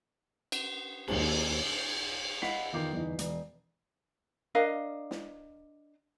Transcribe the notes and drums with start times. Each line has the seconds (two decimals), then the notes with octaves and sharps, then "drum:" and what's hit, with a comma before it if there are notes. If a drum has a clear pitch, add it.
0.52 drum: cymbal
1.08 D#2, drum: cymbal
2.42 D#5 F5 F#5 B5 B6 C7, drum: snare
2.73 E2 D#3 F4 D6 G6 C7
2.93 G1 E2 E3 D#4
3.19 E1, drum: hi-hat
4.55 D4 A#4 D#5 F5
5.11 drum: snare